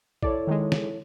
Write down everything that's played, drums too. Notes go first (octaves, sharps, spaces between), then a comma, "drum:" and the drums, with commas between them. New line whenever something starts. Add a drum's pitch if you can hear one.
E4 A4 C#5 D5, drum: kick
D#3 G#3
drum: snare